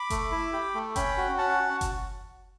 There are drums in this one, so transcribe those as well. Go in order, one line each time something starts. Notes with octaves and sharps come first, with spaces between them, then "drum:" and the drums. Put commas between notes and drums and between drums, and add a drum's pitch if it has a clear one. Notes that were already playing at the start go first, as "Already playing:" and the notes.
Already playing: B5 D6
A3, drum: kick F#1, hi-hat
E4
G4
A3
C#4 G5 B5, drum: kick F#1, hi-hat
F#4
C#4 F#5 A5
F#4
drum: kick F#1, hi-hat